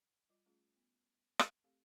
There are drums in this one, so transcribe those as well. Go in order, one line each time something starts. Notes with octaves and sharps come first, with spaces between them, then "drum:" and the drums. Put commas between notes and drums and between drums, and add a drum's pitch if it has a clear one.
G3 F4 D5 D#5 D6
G3 A3 C#4 F4 G#4
B3
drum: rim click
A3 C4 G4 A4 F5